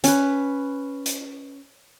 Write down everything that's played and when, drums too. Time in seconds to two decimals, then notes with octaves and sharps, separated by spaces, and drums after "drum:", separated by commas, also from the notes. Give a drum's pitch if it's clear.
0.04 C#4 B4, drum: hi-hat
1.06 drum: hi-hat